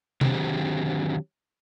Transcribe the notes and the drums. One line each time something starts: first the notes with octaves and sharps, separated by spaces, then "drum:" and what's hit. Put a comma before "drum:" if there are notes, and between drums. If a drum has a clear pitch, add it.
D3 D#3 F#3 C4 G4 G#4, drum: tom C3